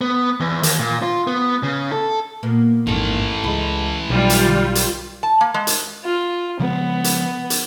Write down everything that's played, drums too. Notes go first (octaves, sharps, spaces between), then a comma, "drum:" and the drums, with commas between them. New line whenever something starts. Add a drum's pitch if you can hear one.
B3
E2
D#2, drum: hi-hat
A#2
F4
B3
C#3
A4
A#2 A#3 B3
A1 F2 G#2 D#3 E3 A#3 A4
C#2 G#3 E4
B1 G3 F4
drum: hi-hat
drum: hi-hat
A5
A#3
G#3
drum: hi-hat
F4
C#3 F3 G#3 B3
drum: hi-hat
drum: hi-hat